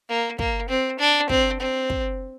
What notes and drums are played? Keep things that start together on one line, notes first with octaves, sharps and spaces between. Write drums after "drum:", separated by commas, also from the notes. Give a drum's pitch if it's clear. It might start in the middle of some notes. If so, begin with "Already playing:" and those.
A#3
A#3, drum: kick
C4
D4
C4, drum: kick
C4
drum: kick